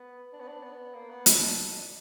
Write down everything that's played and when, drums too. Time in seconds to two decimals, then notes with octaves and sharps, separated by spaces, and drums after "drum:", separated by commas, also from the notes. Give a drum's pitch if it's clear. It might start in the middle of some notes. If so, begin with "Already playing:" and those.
Already playing: B3
0.33 D4
0.40 B3
0.47 D4
0.63 B3
0.94 A#3
1.10 B3
1.26 D4, drum: hi-hat
1.33 D#4
1.39 D4